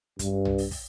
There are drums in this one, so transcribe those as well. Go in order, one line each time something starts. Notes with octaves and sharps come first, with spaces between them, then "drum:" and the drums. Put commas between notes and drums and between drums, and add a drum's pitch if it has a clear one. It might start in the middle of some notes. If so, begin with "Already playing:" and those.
G2, drum: kick, hi-hat
drum: tom B1
drum: open hi-hat
drum: kick, open hi-hat